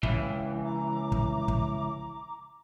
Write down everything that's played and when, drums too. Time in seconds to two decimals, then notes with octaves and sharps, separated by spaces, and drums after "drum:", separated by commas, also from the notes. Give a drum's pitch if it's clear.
0.03 C#2 E3 F5 G5, drum: kick
0.63 A#5 D6
1.12 drum: kick
1.48 drum: kick